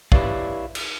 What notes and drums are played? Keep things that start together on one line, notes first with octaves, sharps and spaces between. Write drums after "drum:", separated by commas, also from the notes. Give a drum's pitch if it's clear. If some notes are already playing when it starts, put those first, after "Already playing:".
E4 G4 B4 C#5 D5 F5, drum: kick
drum: cymbal